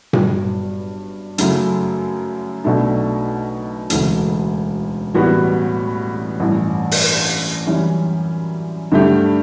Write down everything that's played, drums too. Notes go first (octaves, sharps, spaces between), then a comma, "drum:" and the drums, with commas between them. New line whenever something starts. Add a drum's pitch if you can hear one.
G1 G2 F#3, drum: tom A#2
F#2 C#3 F#3 A3 E4, drum: hi-hat
B1 B2 A3 D4
E1 D2 C#3 E3 A3, drum: hi-hat
A1 A2 G3 B3 F#4
A1 G2 E3
drum: open hi-hat
F#2 E3 G3 C#4 E4
G2 D3 A3 E4 G4